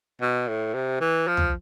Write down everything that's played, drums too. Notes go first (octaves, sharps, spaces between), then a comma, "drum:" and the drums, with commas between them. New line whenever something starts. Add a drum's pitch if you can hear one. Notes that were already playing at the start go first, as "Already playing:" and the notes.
B2
A2
C3
E3
F3
drum: tom